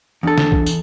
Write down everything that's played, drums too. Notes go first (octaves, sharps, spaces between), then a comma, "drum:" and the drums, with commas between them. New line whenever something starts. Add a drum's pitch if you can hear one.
E2 D4 A4
drum: snare
drum: kick
drum: tambourine